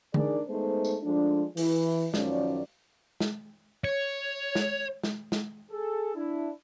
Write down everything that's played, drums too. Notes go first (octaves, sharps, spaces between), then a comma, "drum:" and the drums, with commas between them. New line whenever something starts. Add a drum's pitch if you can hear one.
D4 D#4 G#4 A#4 D5, drum: tom D3
G#3 A3 B3 D#4 C5
drum: tambourine
F3 G#3 A3 D4
E3, drum: open hi-hat
F#2 D#3 F3 C#4 D5, drum: snare
drum: snare
C#5
drum: snare
drum: snare
drum: snare
G#4 A4
D4 E4